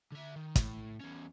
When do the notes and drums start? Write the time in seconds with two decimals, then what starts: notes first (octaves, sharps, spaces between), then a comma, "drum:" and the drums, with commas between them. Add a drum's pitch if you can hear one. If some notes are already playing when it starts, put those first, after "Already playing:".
0.12 D3 E5
0.36 D#3
0.55 A2, drum: kick, hi-hat
1.00 E2 C#4